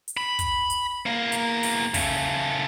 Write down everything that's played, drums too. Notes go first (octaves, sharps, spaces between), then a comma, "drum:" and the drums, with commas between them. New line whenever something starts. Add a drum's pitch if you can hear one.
drum: hi-hat
B5
drum: kick, hi-hat
drum: hi-hat
E2 A#3
drum: hi-hat
drum: open hi-hat
C#3 A3, drum: kick, open hi-hat